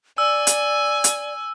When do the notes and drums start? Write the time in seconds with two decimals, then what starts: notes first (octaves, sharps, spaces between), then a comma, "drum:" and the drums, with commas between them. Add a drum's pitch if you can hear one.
0.18 D5 G#5 E6
0.47 drum: hi-hat
1.04 drum: hi-hat